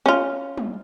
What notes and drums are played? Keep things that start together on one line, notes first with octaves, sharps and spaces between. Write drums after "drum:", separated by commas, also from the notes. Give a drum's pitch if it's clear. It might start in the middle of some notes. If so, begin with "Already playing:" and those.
C#4 F4
drum: tom